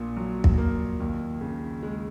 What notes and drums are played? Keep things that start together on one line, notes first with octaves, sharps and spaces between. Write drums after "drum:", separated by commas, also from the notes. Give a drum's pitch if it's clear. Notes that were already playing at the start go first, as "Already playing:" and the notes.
Already playing: A#1 A#2
F#3
drum: kick
A#3
D#2
C#3
G#3